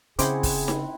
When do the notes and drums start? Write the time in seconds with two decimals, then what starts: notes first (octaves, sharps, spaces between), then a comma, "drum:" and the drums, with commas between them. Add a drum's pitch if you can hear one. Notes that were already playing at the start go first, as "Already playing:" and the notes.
0.19 C#3 C4 C#4 E4 G#4 C5 F#5 D6, drum: hi-hat
0.43 drum: kick, open hi-hat
0.68 drum: snare D#4